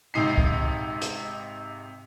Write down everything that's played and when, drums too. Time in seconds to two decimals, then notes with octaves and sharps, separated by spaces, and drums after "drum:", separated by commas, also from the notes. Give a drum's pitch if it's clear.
0.14 G#1 C3 D#4 C7
0.38 drum: kick
1.02 drum: hi-hat